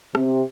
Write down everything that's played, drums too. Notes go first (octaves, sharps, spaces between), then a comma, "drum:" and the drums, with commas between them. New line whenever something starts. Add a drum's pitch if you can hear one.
C3, drum: rim click